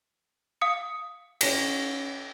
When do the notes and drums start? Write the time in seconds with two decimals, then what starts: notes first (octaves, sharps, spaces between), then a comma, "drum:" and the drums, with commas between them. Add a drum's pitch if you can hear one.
0.61 F5 D#6 C#7
1.41 C#4 A#6, drum: cymbal